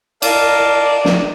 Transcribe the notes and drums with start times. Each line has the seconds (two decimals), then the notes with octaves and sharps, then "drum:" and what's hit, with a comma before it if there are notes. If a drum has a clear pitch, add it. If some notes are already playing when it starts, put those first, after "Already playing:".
0.22 A#4 D5 F5 A5, drum: cymbal
1.05 drum: snare